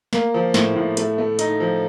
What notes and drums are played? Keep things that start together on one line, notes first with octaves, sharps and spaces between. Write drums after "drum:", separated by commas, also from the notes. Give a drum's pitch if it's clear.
A#3, drum: snare
F3
A2, drum: snare
A2
A3, drum: hi-hat
A3
D#4, drum: hi-hat
F3